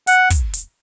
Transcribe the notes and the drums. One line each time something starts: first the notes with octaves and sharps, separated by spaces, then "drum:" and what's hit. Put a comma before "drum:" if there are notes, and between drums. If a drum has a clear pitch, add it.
F#5, drum: hi-hat
drum: kick, hi-hat
drum: hi-hat